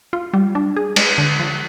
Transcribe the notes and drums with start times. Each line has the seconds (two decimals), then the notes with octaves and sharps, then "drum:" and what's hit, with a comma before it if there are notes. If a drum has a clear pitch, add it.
0.13 F4
0.33 G3
0.55 D4
0.77 G#4
0.96 G#3, drum: cymbal
1.18 D3
1.39 F3